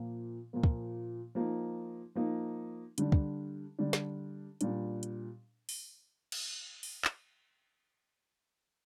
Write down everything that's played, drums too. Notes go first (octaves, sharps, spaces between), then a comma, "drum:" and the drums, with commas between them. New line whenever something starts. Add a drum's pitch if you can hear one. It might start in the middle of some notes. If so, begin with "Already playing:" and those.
Already playing: A#2 F3 A#3
A#2 F3 A#3
drum: kick
F3 A#3 D#4
F3 A#3 D#4
D3 G3 D4, drum: hi-hat
drum: kick
D3 G3 D4
drum: snare
A#2 G3 D4, drum: hi-hat
drum: hi-hat
drum: open hi-hat
drum: cymbal
drum: open hi-hat
drum: clap